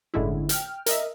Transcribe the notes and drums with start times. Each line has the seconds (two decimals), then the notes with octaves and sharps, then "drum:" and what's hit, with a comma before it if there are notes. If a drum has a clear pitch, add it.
0.14 G1 A2 D3 G#3 C#4 E4
0.49 G5 F6, drum: hi-hat
0.86 A#4 D#5 E5, drum: hi-hat